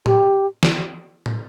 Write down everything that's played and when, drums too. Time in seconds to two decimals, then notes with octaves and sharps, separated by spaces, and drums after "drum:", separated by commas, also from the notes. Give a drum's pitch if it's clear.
0.06 G4, drum: tom
0.63 drum: snare
1.26 drum: tom